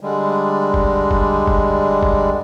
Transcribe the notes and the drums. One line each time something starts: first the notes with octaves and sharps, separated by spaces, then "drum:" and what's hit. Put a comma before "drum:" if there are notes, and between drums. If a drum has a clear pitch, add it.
D3 G3 G#3
drum: kick F#1
drum: kick F#1
drum: kick F#1
drum: kick F#1